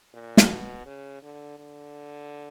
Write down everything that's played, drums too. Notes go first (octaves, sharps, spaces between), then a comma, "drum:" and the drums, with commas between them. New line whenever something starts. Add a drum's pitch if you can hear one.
A#2
drum: snare
B2
C#3
D3
D3